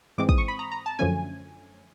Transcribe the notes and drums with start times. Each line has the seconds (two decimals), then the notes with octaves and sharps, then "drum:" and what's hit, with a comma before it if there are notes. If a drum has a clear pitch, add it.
0.18 G#2 E3 G#3 C4 D6
0.29 D#6, drum: kick
0.38 C#6
0.48 B5
0.59 A#5
0.72 A#5
0.86 A5
0.99 F#2 D3 F3 A3 C#4 G#5